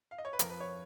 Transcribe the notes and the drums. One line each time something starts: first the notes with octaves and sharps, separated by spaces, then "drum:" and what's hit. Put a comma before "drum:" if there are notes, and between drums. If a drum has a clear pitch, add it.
F5
D#5
C#5
B4
F2 F3 A#4, drum: hi-hat
B4
C#5